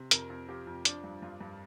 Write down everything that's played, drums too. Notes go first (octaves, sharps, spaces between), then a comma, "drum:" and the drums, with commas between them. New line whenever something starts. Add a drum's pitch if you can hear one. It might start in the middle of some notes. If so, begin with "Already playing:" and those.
Already playing: C3
F2 A#4, drum: hi-hat
F2
F3 G4
F2
F3 D4, drum: hi-hat
G2
G2 F4
G2